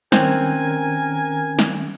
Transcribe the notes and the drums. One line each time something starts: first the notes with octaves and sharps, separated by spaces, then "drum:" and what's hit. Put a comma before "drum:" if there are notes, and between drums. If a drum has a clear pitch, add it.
D#3 C4 C#4 A#4 G#5 F#6, drum: snare
drum: snare